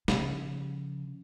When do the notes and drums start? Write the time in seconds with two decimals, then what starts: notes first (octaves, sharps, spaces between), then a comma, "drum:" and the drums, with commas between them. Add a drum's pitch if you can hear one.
0.08 C#3 F3, drum: snare